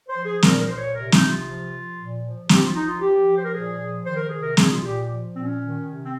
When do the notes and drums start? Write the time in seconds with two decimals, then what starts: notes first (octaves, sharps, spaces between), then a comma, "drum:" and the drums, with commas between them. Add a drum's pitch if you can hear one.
0.09 C5
0.17 F3
0.26 G#4
0.42 A#2 A#4, drum: snare
0.59 A#4
0.68 A#2 C5
0.77 C#5
0.95 C3 A#4
1.12 D#4, drum: snare
1.20 C3
1.29 F4
1.46 F3
1.72 F3
1.98 A#2
2.24 F3
2.49 F3 G4, drum: snare
2.63 F4
2.75 F3 D#4
2.87 F4
3.01 F3 G4
3.27 F3
3.37 C5
3.45 A#4
3.54 A#2 G#4
3.79 F3
4.05 D#3 C5
4.17 A#4
4.29 C3 G#4
4.42 A#4
4.57 A#2 G#4, drum: snare
4.72 F4
4.83 A#2 G4
5.09 F3
5.34 A#2 C4
5.43 C#4
5.60 D#3
5.86 C3
6.04 C4